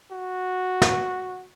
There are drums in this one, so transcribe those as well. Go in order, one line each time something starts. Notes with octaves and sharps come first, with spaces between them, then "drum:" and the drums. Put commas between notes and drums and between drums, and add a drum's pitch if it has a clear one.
F#4
drum: snare